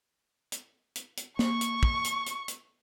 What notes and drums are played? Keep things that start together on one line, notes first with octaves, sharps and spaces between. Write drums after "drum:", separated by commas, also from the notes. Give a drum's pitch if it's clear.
drum: hi-hat
drum: hi-hat
drum: hi-hat
A#3 C#6, drum: snare
drum: hi-hat
drum: kick
drum: hi-hat
drum: hi-hat
drum: hi-hat